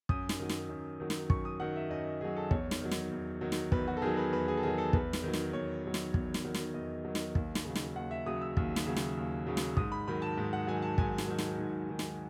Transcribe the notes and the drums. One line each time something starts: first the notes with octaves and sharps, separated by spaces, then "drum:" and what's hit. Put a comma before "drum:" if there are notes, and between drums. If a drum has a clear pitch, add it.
F#2 D#6, drum: kick
drum: snare
D#3 F#3
drum: snare
F#2
D#3 F#3
drum: snare
F#2 C#6, drum: kick
D#6
D#3 F#3 F#5
E5
F#2 D#5
D#3 F#3 G#4
A4
E2 C#5, drum: kick
drum: snare
D#3 F#3
drum: snare
E2
D#3 F#3
drum: snare
E2 B4, drum: kick
F#4
A4
D#3 F#3 G#4
B4
E2 B4
G#4
A4
D#3 F#3 G#4
A4
E2 B4, drum: kick
drum: snare
D#3 F#3
drum: snare
E2 C#5
D#3 F#3
drum: snare
E2, drum: kick
drum: snare
D#3 F#3
drum: snare
E2 D#5
D#3 F#3
drum: snare
D#2, drum: kick
drum: snare
C#3 F#3
drum: snare
D#2 F#5
E5
C#3 F#3 D#6
E6
D#2, drum: kick
drum: snare
C#3 F#3
drum: snare
D#2
C#3 F#3
drum: snare
G#2 D#6, drum: kick
B5
D#3 F#3 B5
A5
G#2
F#5
D#3 F#3 G#5
A5
G#2 G#5, drum: kick
drum: snare
D#3 F#3
drum: snare
G#2
D#3 F#3
drum: snare